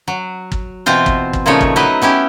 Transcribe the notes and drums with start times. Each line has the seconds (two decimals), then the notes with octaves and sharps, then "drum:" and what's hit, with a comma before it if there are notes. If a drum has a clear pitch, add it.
0.08 F#3
0.52 drum: kick
0.86 B2 E3 C4 F4 C5
1.06 drum: kick
1.33 drum: kick
1.46 A#2 C#3 F3 A3 D#4 C#5
1.61 drum: kick
1.76 F#3 D#4 E4 B4 D#5
2.02 B3 C#4 E4 G4